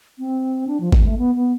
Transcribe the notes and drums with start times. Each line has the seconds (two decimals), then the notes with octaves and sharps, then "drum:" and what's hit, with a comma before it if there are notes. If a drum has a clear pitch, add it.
0.19 C4
0.67 D4
0.80 F3
0.92 G#3, drum: kick
1.05 A3
1.18 B3
1.35 B3